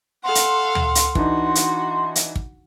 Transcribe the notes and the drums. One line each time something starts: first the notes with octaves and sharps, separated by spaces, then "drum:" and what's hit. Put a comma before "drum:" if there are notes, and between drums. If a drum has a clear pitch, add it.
A4 F5 F#5 C6
drum: hi-hat
drum: tom D2
drum: hi-hat
E3 D4 D#4 F#4, drum: kick
drum: hi-hat
drum: hi-hat
drum: kick